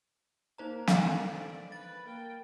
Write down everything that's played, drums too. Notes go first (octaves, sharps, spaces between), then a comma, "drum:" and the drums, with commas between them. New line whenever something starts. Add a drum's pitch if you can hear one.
A#3 D#4 C5 A#5
drum: snare
D3 D#3 F5
D5
B4 A6
A#3 G5